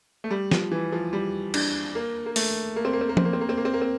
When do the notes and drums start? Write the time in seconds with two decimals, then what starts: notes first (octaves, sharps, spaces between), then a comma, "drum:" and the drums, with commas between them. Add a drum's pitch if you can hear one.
0.24 A3
0.31 G3
0.51 F3, drum: snare
0.72 E3
0.92 F3
1.13 G3
1.54 D4, drum: cymbal
1.95 A#3
2.26 A#3
2.36 A3, drum: open hi-hat
2.76 A#3
2.85 C4
2.93 A#3
3.01 C4
3.09 A#3
3.17 C4, drum: tom F3
3.25 A#3
3.33 C4
3.41 A#3
3.49 C4
3.58 A#3
3.65 C4
3.74 A#3
3.82 C4